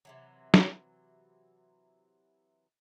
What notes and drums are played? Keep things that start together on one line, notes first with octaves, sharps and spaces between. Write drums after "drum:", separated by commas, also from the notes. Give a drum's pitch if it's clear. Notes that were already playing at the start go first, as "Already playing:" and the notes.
C3 E3 F#3
drum: snare